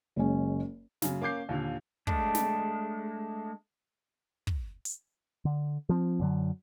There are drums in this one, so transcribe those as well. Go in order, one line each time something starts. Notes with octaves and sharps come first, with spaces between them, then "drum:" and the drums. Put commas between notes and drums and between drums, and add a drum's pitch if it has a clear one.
F#1 G#3 C#4
F#2 C#3, drum: snare
A#3 C#4 D6 G6 C7
D#2 A#2 D3
G#3 A3 D4, drum: kick
drum: snare
drum: kick
drum: hi-hat
D3
F3 C4
F#2 D3 F#3